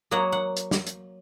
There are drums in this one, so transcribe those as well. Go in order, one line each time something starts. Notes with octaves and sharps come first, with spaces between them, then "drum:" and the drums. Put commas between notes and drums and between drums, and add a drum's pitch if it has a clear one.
F#3 A#3 C#5 D#5 F#5
F#5
drum: hi-hat
drum: snare
drum: hi-hat